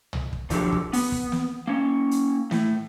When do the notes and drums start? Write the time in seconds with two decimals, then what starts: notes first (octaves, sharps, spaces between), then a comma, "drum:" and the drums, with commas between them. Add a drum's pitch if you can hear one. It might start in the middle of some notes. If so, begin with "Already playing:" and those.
0.13 drum: tom
0.33 drum: kick
0.50 D#3 F3 F#3 D4 G4 A4, drum: kick, hi-hat
0.72 drum: kick
0.93 B3, drum: open hi-hat
1.12 drum: kick
1.32 drum: snare
1.67 A#3 C#4
2.11 drum: hi-hat
2.51 A2, drum: snare